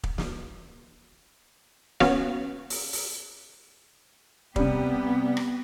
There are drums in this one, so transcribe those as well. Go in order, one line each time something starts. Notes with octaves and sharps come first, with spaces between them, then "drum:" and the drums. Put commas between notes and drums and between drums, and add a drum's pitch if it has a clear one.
drum: kick
drum: snare
B3 C#4 F#4 F5, drum: snare
drum: open hi-hat
drum: open hi-hat
C3 G3 B3 G4, drum: kick
drum: rim click